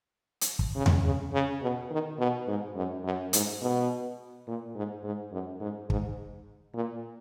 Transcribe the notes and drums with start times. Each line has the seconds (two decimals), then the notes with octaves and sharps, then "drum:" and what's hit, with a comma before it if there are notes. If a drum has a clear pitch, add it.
0.41 drum: hi-hat
0.59 drum: kick
0.76 C#3
0.86 drum: tom E2
1.04 C#3
1.33 C#3
1.62 B2
1.91 D#3
2.19 B2
2.47 G#2
2.76 F#2
3.04 F#2
3.33 G#2, drum: hi-hat
3.62 B2
4.47 A#2
4.75 G#2
5.04 G#2
5.32 F#2
5.61 G#2
5.90 G#2, drum: kick
6.75 A#2